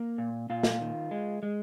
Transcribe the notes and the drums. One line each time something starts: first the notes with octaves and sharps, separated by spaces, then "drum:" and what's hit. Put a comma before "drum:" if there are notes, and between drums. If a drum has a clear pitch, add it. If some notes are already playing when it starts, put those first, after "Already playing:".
Already playing: A#3
A#2
A#2 F4
drum: snare
D#3
G#3
G#3